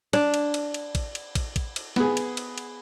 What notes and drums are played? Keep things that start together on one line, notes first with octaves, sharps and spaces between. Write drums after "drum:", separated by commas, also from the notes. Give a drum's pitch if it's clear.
D4, drum: cymbal
drum: cymbal
drum: cymbal
drum: cymbal
drum: kick, cymbal
drum: cymbal
drum: kick, cymbal
drum: kick, cymbal
drum: cymbal
B3 G#4, drum: snare
drum: cymbal
drum: cymbal
drum: cymbal